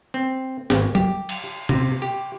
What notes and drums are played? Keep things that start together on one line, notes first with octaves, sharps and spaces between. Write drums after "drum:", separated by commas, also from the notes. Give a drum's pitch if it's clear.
C4
G#1, drum: snare
G4, drum: tom
drum: cymbal
C3, drum: tom B2
G4